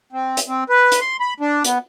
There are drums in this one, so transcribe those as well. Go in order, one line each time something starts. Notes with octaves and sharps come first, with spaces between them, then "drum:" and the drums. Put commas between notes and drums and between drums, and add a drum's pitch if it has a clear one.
C4
drum: hi-hat
C4
B4
drum: hi-hat
C6
B5
D4
B3, drum: hi-hat